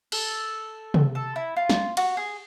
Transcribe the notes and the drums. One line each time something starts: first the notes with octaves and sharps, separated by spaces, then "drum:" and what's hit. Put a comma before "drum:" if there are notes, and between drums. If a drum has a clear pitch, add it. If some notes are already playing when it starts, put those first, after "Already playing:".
A4, drum: cymbal
drum: tom
A4
E4
F4
drum: snare
F#4, drum: cymbal
G#4